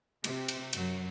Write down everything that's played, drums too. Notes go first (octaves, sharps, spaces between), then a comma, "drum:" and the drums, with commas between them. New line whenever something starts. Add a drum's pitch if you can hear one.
C3, drum: cymbal
drum: cymbal
F#2 F#3, drum: cymbal